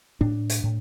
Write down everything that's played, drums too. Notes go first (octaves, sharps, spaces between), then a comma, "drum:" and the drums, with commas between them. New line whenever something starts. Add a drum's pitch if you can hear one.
A2 D4
drum: hi-hat
A2